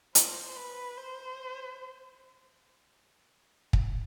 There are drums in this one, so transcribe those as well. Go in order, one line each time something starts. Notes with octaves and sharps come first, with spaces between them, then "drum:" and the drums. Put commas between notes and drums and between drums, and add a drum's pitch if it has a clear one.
C5, drum: hi-hat
B4
C5
drum: kick